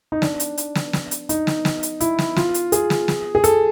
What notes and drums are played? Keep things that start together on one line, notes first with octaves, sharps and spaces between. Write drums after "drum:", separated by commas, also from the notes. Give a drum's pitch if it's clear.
D#4
D4, drum: snare
drum: hi-hat
drum: hi-hat
drum: snare
drum: snare
drum: hi-hat
D#4, drum: hi-hat
drum: snare
drum: snare
drum: hi-hat
E4, drum: hi-hat
drum: snare
F4, drum: snare
drum: hi-hat
G#4, drum: hi-hat
drum: snare
drum: snare
G#4
A4, drum: hi-hat